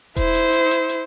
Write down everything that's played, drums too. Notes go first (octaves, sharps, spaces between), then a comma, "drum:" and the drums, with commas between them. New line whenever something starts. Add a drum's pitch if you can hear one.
E4 C5, drum: kick E1, hi-hat
drum: hi-hat
drum: hi-hat
drum: hi-hat
drum: hi-hat